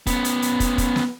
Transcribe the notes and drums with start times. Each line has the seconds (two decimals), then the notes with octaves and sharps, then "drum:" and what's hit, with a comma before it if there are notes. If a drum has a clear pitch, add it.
0.07 B3 C#4, drum: kick, hi-hat
0.24 drum: hi-hat
0.42 drum: hi-hat
0.60 drum: kick, hi-hat
0.78 drum: kick, hi-hat
0.96 drum: snare